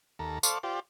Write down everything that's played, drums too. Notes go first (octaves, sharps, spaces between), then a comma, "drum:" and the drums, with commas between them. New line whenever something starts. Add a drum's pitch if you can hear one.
D#2 A4 A#5
A4 C5 D5 F5 C#6, drum: tambourine
F4 G4 C5 D5